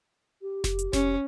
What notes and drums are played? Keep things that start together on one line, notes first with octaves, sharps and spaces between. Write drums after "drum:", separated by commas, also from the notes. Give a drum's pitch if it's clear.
G4
drum: snare F1
drum: hi-hat
C#4, drum: snare F1